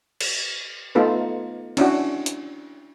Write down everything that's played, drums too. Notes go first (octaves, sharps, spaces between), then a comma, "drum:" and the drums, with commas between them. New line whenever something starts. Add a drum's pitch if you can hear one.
drum: cymbal
A3 B3 D#4 F4 A4 B4
C#4 D4 E4 F#4, drum: cymbal
drum: hi-hat